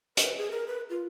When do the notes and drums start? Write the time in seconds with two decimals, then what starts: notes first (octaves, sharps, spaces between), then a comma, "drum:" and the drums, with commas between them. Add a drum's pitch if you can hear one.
0.17 B4, drum: hi-hat
0.37 G#4
0.51 A#4
0.67 B4
0.90 F4